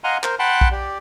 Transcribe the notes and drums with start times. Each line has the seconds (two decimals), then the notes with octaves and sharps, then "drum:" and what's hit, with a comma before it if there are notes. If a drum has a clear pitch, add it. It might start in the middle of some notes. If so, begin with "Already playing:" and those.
0.04 D#5 F5 F#5 G#5 A#5 C6
0.23 A#4 C5, drum: clap
0.39 F#5 G5 A5 B5 C6 F#6
0.61 drum: kick
0.72 G4 D5